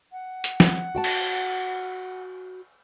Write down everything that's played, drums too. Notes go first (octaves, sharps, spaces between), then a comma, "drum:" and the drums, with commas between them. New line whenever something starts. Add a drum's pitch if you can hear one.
F#5
drum: hi-hat
drum: snare
F#4 G5 A5
drum: cymbal